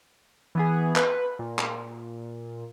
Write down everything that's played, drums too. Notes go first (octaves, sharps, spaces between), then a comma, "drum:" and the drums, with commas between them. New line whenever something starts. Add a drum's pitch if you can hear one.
E3 B3 G#4
B4, drum: clap
A#2
drum: clap